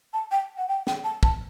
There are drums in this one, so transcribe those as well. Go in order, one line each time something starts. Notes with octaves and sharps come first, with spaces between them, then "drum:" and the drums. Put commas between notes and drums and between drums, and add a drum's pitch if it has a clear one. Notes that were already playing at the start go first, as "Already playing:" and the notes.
A5
G5
F#5
G5
G5, drum: snare
A5
A5, drum: kick